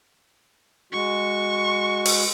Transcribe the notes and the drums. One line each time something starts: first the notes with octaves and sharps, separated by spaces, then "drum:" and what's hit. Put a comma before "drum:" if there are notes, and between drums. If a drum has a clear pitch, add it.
G#3 F#4 C#6
drum: open hi-hat